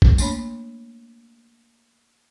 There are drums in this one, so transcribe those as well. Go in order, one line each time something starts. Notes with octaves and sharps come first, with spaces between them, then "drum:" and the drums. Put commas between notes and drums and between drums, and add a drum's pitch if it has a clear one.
drum: kick
A3 A#3 D4 C#5 B5, drum: tambourine